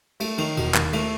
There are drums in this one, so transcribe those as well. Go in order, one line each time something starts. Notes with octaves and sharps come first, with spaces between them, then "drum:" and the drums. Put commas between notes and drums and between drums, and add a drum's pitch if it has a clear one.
A3, drum: cymbal
D#3, drum: cymbal
E1, drum: cymbal
D#2, drum: clap
A3, drum: cymbal